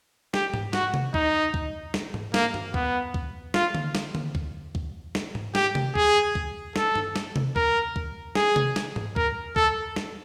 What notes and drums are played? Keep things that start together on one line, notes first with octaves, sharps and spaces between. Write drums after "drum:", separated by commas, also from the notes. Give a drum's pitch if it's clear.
G4, drum: snare
drum: tom G#2
F#4, drum: snare
drum: tom C3
D#4, drum: kick C#2
drum: kick C#2
drum: snare
drum: tom G#2
A#3, drum: snare
drum: tom G2
B3, drum: kick C#2
drum: kick C#2
F4, drum: snare
drum: tom D3
drum: snare
drum: tom D3
drum: kick C#2
drum: kick C#2
drum: snare
drum: tom G#2
G4, drum: snare
drum: tom C3
G#4, drum: kick C#2
drum: kick C#2
A4, drum: snare
drum: tom G2
drum: snare
drum: tom C3
A#4, drum: kick C#2
drum: kick C#2
G#4, drum: snare
drum: tom C3
drum: snare
drum: tom G#2
A#4, drum: kick C#2
A4, drum: kick C#2
drum: snare